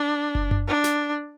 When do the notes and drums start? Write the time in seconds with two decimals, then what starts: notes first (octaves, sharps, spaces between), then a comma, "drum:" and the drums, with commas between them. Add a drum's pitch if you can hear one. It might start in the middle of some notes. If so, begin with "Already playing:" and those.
Already playing: D4
0.35 drum: kick F#1
0.51 drum: tom F#2
0.68 D4
0.84 drum: snare